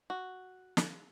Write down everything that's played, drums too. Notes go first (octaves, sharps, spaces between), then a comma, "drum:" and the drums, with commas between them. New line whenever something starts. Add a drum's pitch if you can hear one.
F#4
drum: snare